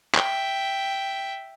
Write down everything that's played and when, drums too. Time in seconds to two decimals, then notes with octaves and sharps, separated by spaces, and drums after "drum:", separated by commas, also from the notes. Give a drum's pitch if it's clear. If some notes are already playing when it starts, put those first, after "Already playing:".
0.15 E5 G5, drum: clap